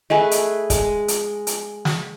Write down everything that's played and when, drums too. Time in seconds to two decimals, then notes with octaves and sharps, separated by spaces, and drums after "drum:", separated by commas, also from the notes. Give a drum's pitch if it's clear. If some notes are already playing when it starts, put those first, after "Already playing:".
0.10 A3 G#4 B4 D#5 G#5
0.31 drum: hi-hat
0.70 G#3, drum: kick, hi-hat
1.08 drum: hi-hat
1.47 drum: hi-hat
1.85 drum: snare